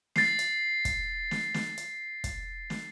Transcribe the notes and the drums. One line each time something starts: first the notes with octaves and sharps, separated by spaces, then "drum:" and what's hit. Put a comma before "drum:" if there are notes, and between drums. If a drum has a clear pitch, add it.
A6 C7, drum: snare
drum: hi-hat
drum: kick, hi-hat
drum: snare
drum: snare
drum: hi-hat
drum: kick, hi-hat
drum: snare